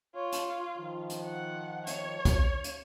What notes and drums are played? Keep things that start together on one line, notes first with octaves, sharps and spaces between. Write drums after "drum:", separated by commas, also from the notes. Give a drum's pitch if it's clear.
F4 C#5
drum: hi-hat
D#3 F3
drum: hi-hat
F#5
C#5, drum: hi-hat
drum: kick, hi-hat
drum: hi-hat